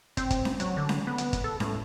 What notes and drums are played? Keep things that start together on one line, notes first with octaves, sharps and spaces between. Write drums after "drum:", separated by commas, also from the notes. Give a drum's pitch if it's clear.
C4, drum: kick, hi-hat
drum: kick, hi-hat
drum: snare C#4
F#3, drum: hi-hat
D3
drum: snare C#4
B3
drum: hi-hat
drum: kick, hi-hat
A4
A2, drum: snare C#4